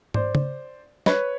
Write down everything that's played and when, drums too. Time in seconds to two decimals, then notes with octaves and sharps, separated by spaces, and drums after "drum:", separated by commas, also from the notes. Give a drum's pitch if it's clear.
0.14 C5 D5, drum: tom
0.35 drum: tom C#3
1.06 B4 C#5, drum: snare